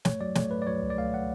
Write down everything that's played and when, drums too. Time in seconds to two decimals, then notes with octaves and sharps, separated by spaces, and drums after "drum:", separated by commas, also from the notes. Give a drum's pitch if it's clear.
0.05 A3 C#5, drum: snare
0.21 F#3 D5
0.35 A3 C#5, drum: snare
0.51 A3 B4
0.62 D5
0.67 F#3 C#5
0.83 C#2
0.90 D5
0.98 A3 F5
1.14 F#5